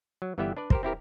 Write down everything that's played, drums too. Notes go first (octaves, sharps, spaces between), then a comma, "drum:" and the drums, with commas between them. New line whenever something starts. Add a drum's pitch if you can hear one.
F#3
G1 E3 G3 B3 G4 E5
D4 B4 D5
G4 A#4 C5, drum: kick
C4 E4 G4 A#4